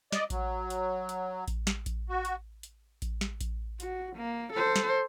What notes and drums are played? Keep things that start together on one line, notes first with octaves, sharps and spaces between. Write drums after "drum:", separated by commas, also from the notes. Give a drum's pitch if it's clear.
D5 D#5, drum: snare
F#3, drum: kick A1, hi-hat
drum: hi-hat
drum: hi-hat
drum: kick A1, hi-hat
drum: snare
drum: kick A1, hi-hat
F#4
drum: hi-hat
drum: hi-hat
drum: kick A1, hi-hat
drum: snare
drum: kick A1, hi-hat
F#4, drum: hi-hat
A#3
A4 C5
drum: snare